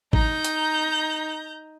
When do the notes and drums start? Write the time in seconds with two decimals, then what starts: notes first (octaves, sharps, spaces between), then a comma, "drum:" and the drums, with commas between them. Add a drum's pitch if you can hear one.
0.13 D#4 A#5 G6, drum: kick
0.45 drum: hi-hat